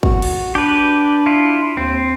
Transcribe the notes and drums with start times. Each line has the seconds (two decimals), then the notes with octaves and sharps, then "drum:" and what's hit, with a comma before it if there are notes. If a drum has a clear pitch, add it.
0.03 F#4, drum: kick
0.22 drum: cymbal
0.55 D4 G4 B4
1.26 E4 F4
1.77 D#2 C4